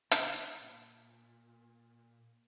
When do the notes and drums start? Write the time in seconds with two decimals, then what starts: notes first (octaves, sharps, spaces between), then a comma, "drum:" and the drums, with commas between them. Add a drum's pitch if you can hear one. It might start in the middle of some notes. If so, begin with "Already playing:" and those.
0.11 C#3, drum: hi-hat
0.61 A#2